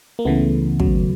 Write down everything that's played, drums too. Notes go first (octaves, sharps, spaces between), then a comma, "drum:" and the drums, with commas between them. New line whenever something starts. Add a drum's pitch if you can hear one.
A#3
C#2 C#3 E3 A3 B3
D#2 C#3 F#3, drum: kick